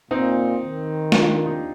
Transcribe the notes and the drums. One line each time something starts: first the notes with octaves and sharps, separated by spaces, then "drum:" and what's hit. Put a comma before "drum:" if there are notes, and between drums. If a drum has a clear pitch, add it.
A#2 C4 D#4
D#3
D4 F4, drum: snare
D#4 G4